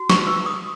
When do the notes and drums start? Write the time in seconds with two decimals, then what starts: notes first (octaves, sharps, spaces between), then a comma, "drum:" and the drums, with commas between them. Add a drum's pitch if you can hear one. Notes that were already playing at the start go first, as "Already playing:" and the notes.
Already playing: F#4
0.10 C#6, drum: snare
0.27 B4 E6
0.46 D#6